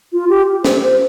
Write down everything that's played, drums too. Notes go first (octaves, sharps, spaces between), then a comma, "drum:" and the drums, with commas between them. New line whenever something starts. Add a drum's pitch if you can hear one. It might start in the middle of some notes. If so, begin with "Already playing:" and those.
F4
G4
C5, drum: snare
C5